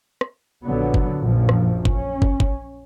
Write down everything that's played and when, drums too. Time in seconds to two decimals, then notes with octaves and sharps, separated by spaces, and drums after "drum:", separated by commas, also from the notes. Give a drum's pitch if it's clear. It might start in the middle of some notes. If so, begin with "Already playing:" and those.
0.21 drum: rim click
0.65 A#1 D3 F#3 B3
0.94 drum: kick
1.20 A#1 F#2 F3
1.49 drum: rim click
1.85 C#4, drum: kick
2.22 drum: kick
2.40 drum: kick